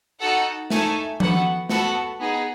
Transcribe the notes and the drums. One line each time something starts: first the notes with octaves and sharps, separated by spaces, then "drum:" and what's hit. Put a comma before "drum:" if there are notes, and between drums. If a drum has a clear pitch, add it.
D#4 F#4 A4 F#5
A3 D#4 A4 G#5, drum: snare A3
B3 F#4 A4 F#5, drum: tom F3
B3 F#4 A4 F#5, drum: snare A3
B3 D#4 G#4